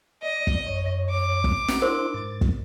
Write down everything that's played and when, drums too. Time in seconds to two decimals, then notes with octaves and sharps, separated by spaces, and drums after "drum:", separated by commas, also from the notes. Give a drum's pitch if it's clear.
0.23 D5 D#5
0.47 drum: kick
0.67 F#2 C#5
1.10 D6
1.44 drum: kick
1.68 drum: snare
1.82 D4 E4 A#4 C5 C6
2.14 G#2 A6
2.41 drum: kick